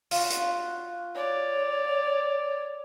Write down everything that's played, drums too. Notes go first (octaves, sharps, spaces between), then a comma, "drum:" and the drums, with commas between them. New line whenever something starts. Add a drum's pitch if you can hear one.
F4 F#4, drum: open hi-hat
drum: hi-hat
C#5 D5